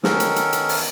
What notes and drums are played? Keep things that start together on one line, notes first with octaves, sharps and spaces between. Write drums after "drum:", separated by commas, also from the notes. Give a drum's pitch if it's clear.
D#3 B3 C#4 A4 A#4, drum: snare
drum: hi-hat
drum: hi-hat
drum: hi-hat
drum: open hi-hat